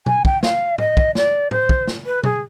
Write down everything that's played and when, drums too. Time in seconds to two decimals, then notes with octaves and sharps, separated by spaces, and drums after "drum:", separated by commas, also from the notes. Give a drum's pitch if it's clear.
0.06 G#5, drum: tom B2
0.25 G5, drum: kick
0.43 F5, drum: snare
0.78 D#5, drum: tom A2
0.97 drum: kick
1.15 D5, drum: snare
1.51 C5, drum: tom A2
1.69 drum: kick
1.87 drum: snare
2.06 B4
2.23 G#4, drum: tom B2